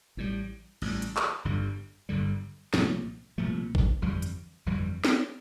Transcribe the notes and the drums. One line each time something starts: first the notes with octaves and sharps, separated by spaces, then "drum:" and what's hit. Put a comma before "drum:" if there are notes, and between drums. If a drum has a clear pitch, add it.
A1 A2 G3
A1 A2 G3, drum: cymbal
drum: hi-hat
drum: clap
G1 G2 D3 G3
G1 G2 D3 G3
C2 A#2 F3 A3, drum: snare
C2 A#2 F3 A3
drum: kick G#1
G1 F2 E3 G3
drum: hi-hat
G1 F2 E3 G3
drum: snare